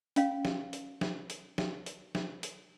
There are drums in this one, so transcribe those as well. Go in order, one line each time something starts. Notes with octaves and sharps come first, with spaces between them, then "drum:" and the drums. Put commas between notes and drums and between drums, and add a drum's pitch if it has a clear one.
C#4 F5, drum: hi-hat
drum: snare
drum: hi-hat
drum: snare
drum: hi-hat
drum: snare
drum: hi-hat
drum: snare
drum: hi-hat